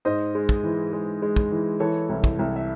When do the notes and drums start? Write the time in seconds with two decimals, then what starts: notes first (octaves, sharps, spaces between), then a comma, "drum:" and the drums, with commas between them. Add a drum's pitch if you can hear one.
0.05 G#2 C5 D#5
0.35 G#3
0.49 drum: kick
0.64 E3
0.93 G#3
1.22 G#3
1.36 drum: kick
1.52 E3
1.80 E3 A4 C#5
2.09 C2
2.24 drum: kick
2.39 C2
2.56 E5